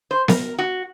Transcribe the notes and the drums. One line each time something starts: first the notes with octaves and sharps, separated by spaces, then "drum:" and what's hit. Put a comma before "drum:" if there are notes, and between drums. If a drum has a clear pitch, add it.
C5
A#4, drum: snare B3
F#4